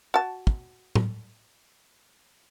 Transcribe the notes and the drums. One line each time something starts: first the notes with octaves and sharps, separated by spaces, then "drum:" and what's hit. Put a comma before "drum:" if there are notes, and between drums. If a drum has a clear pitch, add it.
F#4 A5
drum: kick
drum: tom A2